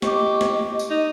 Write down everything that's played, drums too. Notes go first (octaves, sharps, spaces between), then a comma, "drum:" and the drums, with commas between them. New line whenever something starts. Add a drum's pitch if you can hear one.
G4 D#5 C#6 D6, drum: snare
drum: snare
drum: tambourine
D#4